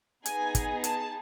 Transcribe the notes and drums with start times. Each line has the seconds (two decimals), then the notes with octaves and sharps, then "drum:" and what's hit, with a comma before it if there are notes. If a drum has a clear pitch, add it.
0.26 B3 D#4 G#4 G#5, drum: hi-hat
0.55 drum: kick, hi-hat
0.84 A5, drum: hi-hat